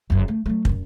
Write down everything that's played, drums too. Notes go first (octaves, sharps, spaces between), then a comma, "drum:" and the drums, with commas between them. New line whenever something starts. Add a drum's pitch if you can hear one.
F#1 F#2
A3
F#3 A3
D#1 F#2, drum: kick